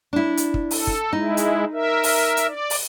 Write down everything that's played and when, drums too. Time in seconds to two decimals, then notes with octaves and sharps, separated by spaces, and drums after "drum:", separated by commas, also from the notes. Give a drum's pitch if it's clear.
0.13 D4 E4
0.37 drum: hi-hat
0.54 drum: kick
0.71 A4, drum: open hi-hat
0.87 drum: kick
1.13 G#3 D#4 E4
1.37 drum: hi-hat
1.73 A#4 E5
2.04 drum: open hi-hat
2.37 drum: hi-hat
2.47 D5
2.70 drum: open hi-hat